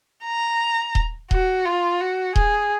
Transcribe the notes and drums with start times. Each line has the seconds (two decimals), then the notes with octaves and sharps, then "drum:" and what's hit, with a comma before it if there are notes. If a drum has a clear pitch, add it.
0.25 A#5
0.95 drum: kick D#1
1.31 F#4, drum: kick D#1
1.65 F4
2.01 F#4
2.36 G#4, drum: kick D#1